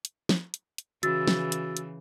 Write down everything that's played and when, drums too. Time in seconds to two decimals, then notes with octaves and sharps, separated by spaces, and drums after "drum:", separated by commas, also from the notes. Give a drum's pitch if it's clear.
0.05 drum: hi-hat
0.29 drum: snare
0.54 drum: hi-hat
0.78 drum: hi-hat
1.03 C#3 E3 F#4 E6 A6, drum: hi-hat
1.27 drum: snare
1.52 drum: hi-hat
1.77 drum: hi-hat